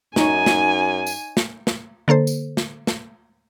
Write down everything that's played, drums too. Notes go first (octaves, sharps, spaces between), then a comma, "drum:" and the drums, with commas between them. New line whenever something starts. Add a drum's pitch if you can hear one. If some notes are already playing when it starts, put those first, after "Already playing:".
F#2 D#4 C#5 G#5, drum: snare
drum: snare
drum: tambourine
drum: snare
drum: snare
D3 A#3 A4 C5
drum: tambourine
drum: snare
drum: snare